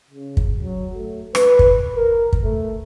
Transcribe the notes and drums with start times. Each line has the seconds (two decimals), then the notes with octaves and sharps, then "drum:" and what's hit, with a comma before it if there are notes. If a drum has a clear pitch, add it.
0.11 C#3
0.37 drum: kick
0.61 F#3
0.95 A3
1.35 B4, drum: rim click
1.59 drum: kick
1.96 A#4
2.33 drum: kick
2.44 A3